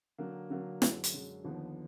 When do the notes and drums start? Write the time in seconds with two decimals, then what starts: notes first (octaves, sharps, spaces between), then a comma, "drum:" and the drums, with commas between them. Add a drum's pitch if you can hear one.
0.18 D3 F#3 A#3
0.50 D3 F#3 A#3
0.82 F#2 D3 G#3, drum: snare
1.04 drum: hi-hat
1.13 F#2 D3 G#3
1.44 D#2 D3 F3 B3 D#4